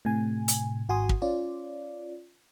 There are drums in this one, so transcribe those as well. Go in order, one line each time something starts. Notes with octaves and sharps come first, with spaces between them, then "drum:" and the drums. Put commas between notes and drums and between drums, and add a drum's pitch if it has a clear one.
A2 C3 G#5
drum: hi-hat
G#1 F#4 G#5 C6 D#6
drum: kick
C#4 F4 D5